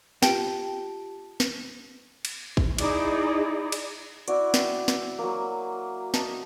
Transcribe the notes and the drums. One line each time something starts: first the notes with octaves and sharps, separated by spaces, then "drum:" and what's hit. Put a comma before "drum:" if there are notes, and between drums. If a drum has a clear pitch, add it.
F4 G4 G5 A5, drum: snare
drum: snare
drum: cymbal
drum: kick
D#4 E4 G#4 D5 D#5, drum: cymbal
drum: cymbal
E4 F#4 D5, drum: hi-hat
G5, drum: snare
drum: snare
F#3 A#3
D#5 A5, drum: snare